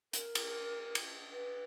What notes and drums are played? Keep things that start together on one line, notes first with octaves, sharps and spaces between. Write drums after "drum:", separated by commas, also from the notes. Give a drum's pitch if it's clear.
A#4, drum: hi-hat
drum: cymbal
drum: cymbal
B4